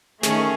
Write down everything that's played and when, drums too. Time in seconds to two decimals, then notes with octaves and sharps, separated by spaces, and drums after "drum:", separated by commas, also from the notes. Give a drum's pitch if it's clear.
0.23 D#3 A3 C#4 G#4, drum: snare